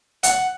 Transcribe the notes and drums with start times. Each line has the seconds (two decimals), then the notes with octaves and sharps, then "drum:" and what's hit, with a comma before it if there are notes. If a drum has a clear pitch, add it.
0.23 F#5, drum: hi-hat